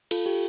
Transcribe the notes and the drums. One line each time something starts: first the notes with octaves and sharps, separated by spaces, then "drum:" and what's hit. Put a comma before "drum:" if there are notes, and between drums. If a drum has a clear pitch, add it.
F4 A4, drum: cymbal
G4